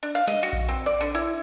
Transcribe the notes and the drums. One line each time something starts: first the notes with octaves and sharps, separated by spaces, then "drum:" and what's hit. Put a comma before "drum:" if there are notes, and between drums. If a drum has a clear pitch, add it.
D4
F5
D#5, drum: snare
F#4
drum: kick A#1
C4
D5
D3
E4